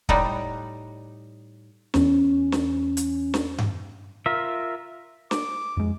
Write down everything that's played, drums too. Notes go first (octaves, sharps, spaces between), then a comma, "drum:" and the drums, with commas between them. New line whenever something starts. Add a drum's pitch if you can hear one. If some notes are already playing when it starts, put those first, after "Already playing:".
A2 G3 D#4 F#5, drum: kick
E2 C#4, drum: snare
drum: snare
drum: hi-hat
drum: snare
drum: tom G2
F4 A#4 E5
D6, drum: snare
F2 G#3